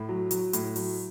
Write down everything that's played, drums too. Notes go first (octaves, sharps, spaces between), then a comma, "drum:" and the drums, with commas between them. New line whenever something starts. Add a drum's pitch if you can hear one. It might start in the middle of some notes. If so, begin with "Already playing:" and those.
Already playing: A2
F#3
F#3, drum: hi-hat
A2, drum: hi-hat
F#3, drum: open hi-hat